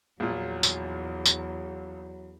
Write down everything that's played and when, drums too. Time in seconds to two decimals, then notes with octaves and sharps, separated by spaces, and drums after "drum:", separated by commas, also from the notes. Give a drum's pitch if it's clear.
0.20 A#1 E2 A#2 F#3
0.63 drum: tambourine
1.25 drum: tambourine